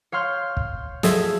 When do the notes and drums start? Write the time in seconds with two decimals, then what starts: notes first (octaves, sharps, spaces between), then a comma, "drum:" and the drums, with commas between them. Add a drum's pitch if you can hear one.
0.12 C#5 F5 C6 F6 G6
0.57 drum: kick
1.03 F3 F#3 G#4 A4 D#5 E5, drum: snare